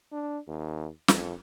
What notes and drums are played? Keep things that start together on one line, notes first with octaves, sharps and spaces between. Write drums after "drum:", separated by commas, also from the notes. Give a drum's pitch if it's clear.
D4
D#2
F2, drum: snare